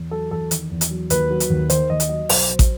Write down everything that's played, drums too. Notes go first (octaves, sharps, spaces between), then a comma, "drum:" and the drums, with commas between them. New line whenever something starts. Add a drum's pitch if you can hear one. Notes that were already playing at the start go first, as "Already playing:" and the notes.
Already playing: E2
F#3 A4
E2 A4
D#3, drum: hi-hat
E2
drum: hi-hat
F#3
D#2 B4, drum: hi-hat
F#3
drum: hi-hat
D#2
D#3 C5, drum: hi-hat
D#2 D#5
drum: hi-hat
F#3 D#5
B1 C5, drum: open hi-hat
F#3
drum: kick, hi-hat